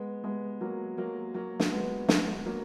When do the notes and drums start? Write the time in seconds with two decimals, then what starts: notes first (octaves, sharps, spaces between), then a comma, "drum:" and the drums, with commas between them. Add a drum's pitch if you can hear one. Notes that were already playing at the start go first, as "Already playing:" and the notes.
Already playing: G#3 B3
0.24 G#3 B3
0.61 F#3 A#3
0.98 F#3 A#3
1.34 F#3 A#3
1.60 drum: snare
1.71 G#3 B3
2.09 G#3 B3, drum: snare
2.45 F#3 A#3